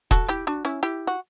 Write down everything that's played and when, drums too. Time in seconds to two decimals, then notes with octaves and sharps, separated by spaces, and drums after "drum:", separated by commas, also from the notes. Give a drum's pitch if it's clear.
0.11 F#4 A4, drum: kick E1
0.29 E4 G4
0.47 D4 F#4
0.65 C#4 E4
0.83 E4 G4
1.07 F#4